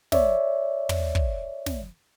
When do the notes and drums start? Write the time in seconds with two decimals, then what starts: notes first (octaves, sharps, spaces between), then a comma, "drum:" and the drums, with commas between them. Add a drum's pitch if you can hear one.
0.12 C#5 D5 E5, drum: snare
0.89 drum: tom
1.15 drum: kick
1.66 drum: snare